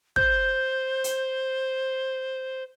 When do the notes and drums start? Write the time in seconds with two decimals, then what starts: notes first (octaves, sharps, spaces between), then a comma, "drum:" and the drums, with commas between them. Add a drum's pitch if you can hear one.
0.16 C5 G6, drum: kick
1.04 drum: hi-hat